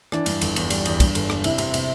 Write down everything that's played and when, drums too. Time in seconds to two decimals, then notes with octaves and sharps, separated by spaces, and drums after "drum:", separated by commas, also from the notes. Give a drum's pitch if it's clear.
0.12 E3 D4, drum: rim click
0.26 G2, drum: cymbal
0.41 G1, drum: cymbal
0.56 E2, drum: cymbal
0.70 G3, drum: cymbal
0.85 E2, drum: cymbal
1.00 G2, drum: kick, cymbal
1.15 G1, drum: cymbal
1.30 G2, drum: rim click
1.44 C3 E4, drum: cymbal
1.58 C3, drum: cymbal
1.74 C3, drum: cymbal